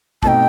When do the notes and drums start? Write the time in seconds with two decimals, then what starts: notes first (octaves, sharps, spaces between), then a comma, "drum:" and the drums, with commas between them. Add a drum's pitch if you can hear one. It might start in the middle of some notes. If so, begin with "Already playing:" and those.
0.23 B2 A3 C4 D#4 G5 A5, drum: kick